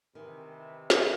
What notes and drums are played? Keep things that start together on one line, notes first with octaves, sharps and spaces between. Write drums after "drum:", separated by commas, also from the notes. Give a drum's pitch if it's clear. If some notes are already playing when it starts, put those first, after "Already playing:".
C3 D#3 E3 B4
drum: snare